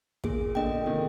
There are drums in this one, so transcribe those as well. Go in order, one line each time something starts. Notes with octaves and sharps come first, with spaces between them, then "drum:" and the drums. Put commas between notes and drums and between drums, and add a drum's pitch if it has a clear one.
A#2 G#4, drum: kick
A#2 D3 D#5 G5
C3 D#3 G#4